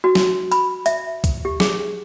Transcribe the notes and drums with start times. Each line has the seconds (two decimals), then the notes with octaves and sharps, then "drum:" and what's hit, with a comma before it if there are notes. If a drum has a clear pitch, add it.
0.04 F#4
0.15 drum: snare
0.52 B5, drum: hi-hat
0.86 E5, drum: hi-hat
1.24 drum: kick C2, hi-hat
1.45 G4
1.60 G#4, drum: snare